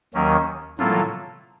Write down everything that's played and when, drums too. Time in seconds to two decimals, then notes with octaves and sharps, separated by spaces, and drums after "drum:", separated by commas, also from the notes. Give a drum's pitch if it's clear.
0.14 D#2 D#3 F#3 A#3 C#4
0.79 A2 F#3 A#3 F4 A4, drum: tom